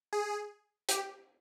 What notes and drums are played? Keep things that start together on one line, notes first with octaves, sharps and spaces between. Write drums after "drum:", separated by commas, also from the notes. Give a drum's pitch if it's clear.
G#4
G4, drum: hi-hat